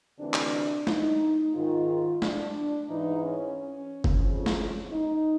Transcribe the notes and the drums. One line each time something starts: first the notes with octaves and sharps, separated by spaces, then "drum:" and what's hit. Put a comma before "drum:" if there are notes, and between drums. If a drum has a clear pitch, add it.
D2 C3 E3 D4
drum: clap
D#4, drum: snare
G#2 D#3 F4
D4, drum: snare
G#2 E3 D#4
C#4
C#4
drum: kick F#1
F2 C#3 F3
drum: snare
D#4